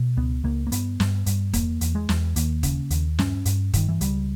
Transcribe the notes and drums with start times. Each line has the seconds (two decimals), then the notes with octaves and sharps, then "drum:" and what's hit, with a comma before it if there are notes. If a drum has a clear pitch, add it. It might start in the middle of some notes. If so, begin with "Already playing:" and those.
Already playing: B2
0.17 C#2 B3
0.44 C#2 A#3
0.67 A#3
0.72 G2 B3, drum: hi-hat
1.00 G2, drum: snare
1.26 G2, drum: hi-hat
1.53 E2 A#3, drum: kick D#1, hi-hat
1.81 E2, drum: hi-hat
1.95 G#3
2.09 E2, drum: snare
2.36 D#2 A#3, drum: hi-hat
2.63 C#3, drum: kick D#1, hi-hat
2.90 D#2, drum: hi-hat
3.19 G2 C#4, drum: snare
3.45 G2, drum: hi-hat
3.74 G2 D#3, drum: kick D#1, hi-hat
3.89 E3
4.01 C#2 G3, drum: hi-hat